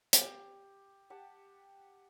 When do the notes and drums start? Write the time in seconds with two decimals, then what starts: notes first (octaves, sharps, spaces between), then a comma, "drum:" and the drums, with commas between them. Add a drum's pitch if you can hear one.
0.13 G4, drum: hi-hat
1.10 G4 F#5 G5 A5